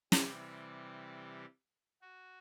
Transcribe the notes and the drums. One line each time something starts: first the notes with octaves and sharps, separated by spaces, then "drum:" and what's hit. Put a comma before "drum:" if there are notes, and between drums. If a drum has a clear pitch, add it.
C3 E3 G3 G4, drum: snare
F#4